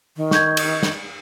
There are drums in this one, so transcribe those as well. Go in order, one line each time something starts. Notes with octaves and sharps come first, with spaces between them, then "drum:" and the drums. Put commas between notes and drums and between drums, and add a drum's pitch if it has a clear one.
D#3
C#6 G6 G#6, drum: snare
drum: cymbal
drum: snare